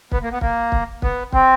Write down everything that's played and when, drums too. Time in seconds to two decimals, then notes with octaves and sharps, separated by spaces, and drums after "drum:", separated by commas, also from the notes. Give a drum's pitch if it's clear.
0.12 B3, drum: kick
0.22 A#3
0.32 B3
0.41 A#3, drum: kick
0.72 drum: kick
1.02 B3, drum: kick
1.33 C4, drum: kick